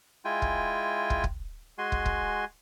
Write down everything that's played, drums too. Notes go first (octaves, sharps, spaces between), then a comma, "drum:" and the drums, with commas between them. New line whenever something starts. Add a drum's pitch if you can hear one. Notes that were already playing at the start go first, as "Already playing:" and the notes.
G#3 E4 F4 G5 G#5
drum: kick
drum: kick
drum: kick
G#3 F#4 G#5 C6
drum: kick
drum: kick